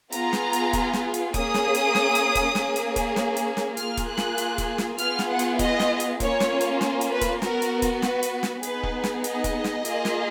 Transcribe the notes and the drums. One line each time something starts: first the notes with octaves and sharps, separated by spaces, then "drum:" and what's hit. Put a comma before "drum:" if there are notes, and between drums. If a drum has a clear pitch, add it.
B3 F4 G#4 A#5, drum: hi-hat
drum: snare
drum: hi-hat
drum: kick E1, hi-hat
drum: snare
drum: hi-hat
A#3 C#4 G#4 D#6, drum: kick E1, hi-hat
drum: snare
drum: hi-hat
drum: snare
drum: hi-hat
drum: kick E1, hi-hat
A#3 C#4 G#4, drum: snare
drum: hi-hat
drum: kick E1, hi-hat
drum: snare
drum: hi-hat
drum: snare
A#3 F4 G#4 F6, drum: hi-hat
drum: kick E1, hi-hat
F#6
drum: snare
drum: hi-hat
drum: kick E1, hi-hat
drum: snare
B3 F4 G#4 F6, drum: hi-hat
drum: snare
F#5
drum: hi-hat
D#5, drum: kick E1, hi-hat
drum: snare
drum: hi-hat
A#3 C#4 F4 C#5, drum: kick E1, hi-hat
drum: snare
drum: hi-hat
drum: snare
drum: hi-hat
B4
drum: kick E1, hi-hat
B3 F#4 A#4, drum: snare
drum: hi-hat
drum: kick E1, hi-hat
B4, drum: snare
drum: hi-hat
drum: snare
B3 D#4 G#4 B4, drum: hi-hat
drum: kick E1
drum: snare
D#5, drum: hi-hat
drum: kick E1, hi-hat
drum: snare
A#3 F4 G#4, drum: hi-hat
drum: snare